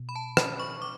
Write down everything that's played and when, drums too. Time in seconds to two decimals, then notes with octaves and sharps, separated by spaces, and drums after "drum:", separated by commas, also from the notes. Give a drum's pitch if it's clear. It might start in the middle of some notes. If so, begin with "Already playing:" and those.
Already playing: B2
0.09 B5
0.16 A5
0.37 B5, drum: rim click
0.60 C#6
0.82 D6